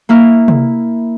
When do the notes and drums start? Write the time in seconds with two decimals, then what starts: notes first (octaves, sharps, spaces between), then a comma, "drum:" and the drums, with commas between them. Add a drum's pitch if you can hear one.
0.09 A#3 E4 F6
0.48 drum: tom C3